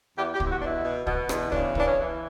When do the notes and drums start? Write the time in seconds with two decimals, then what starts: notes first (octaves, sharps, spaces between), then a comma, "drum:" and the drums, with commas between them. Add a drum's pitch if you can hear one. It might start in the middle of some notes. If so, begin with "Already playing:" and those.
0.16 E2 G4
0.34 G4
0.40 E2, drum: kick
0.45 E4
0.51 F#4
0.61 B2 D4
0.67 E4
0.84 B2
1.07 B2, drum: kick
1.29 E2, drum: rim click
1.52 C#3 D4, drum: kick
1.75 E3 D4, drum: kick
1.86 C#4
1.98 E3